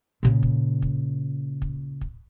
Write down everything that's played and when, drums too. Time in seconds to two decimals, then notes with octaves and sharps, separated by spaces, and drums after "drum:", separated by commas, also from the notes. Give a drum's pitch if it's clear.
0.23 A#2 C#3
0.43 drum: kick
0.82 drum: kick
1.62 drum: kick
2.01 drum: kick